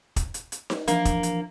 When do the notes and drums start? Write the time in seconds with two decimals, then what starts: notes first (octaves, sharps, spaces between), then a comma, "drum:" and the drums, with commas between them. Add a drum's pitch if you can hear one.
0.16 drum: kick, hi-hat
0.34 drum: hi-hat
0.52 drum: hi-hat
0.70 drum: snare D#4
0.88 E3 F3 A#3 D4, drum: hi-hat
1.05 drum: kick, hi-hat
1.23 drum: hi-hat